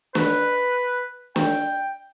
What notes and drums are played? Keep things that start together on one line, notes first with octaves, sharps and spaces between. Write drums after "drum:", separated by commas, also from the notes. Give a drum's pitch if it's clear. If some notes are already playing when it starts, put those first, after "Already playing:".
B4, drum: snare
G5, drum: snare